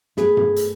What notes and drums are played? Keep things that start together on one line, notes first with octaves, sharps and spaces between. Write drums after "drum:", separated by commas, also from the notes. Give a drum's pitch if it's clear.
A3 G#4 B4, drum: snare
drum: tom G2
drum: hi-hat